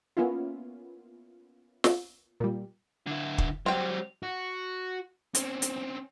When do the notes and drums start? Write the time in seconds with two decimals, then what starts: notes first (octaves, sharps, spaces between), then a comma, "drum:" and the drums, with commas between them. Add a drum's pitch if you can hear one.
0.17 A#3 B3 C#4 E4 F4
1.84 drum: snare
2.40 A#2 G3
3.07 D3 E4
3.38 drum: kick
3.66 F#3 G3 C4 G5
4.23 F#4
5.35 C4 C#4, drum: hi-hat
5.62 drum: hi-hat